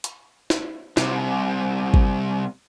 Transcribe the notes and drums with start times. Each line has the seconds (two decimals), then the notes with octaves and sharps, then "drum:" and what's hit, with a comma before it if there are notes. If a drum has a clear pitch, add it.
0.04 drum: hi-hat
0.50 drum: snare
0.97 C2 C3, drum: snare
1.94 drum: kick G#1